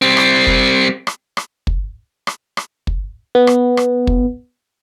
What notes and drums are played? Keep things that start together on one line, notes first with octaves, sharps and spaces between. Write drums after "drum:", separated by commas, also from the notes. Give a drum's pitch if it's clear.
G3 C4
drum: rim click
drum: kick
drum: rim click
drum: rim click
drum: kick
drum: rim click
drum: rim click
drum: kick
B3
drum: rim click
drum: rim click
drum: kick